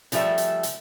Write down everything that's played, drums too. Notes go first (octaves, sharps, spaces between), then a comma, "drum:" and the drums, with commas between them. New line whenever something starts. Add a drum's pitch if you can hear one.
C#3 F3 G3 A3 E5, drum: hi-hat
drum: hi-hat
drum: hi-hat